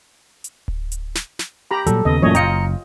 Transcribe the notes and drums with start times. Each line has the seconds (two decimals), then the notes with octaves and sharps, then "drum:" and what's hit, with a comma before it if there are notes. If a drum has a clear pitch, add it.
0.44 drum: hi-hat
0.68 drum: kick D1
0.92 drum: hi-hat
1.15 drum: snare
1.39 drum: snare
1.71 G4 A#5 B5
1.87 A#2 F#3 G3 A4, drum: hi-hat
2.05 D#2 C#3 B3 D#5
2.22 F#2 A#2 E3 F#3 A3 C#5 D#5
2.35 F#1 F4 D#5 G5 A#5 C#7, drum: hi-hat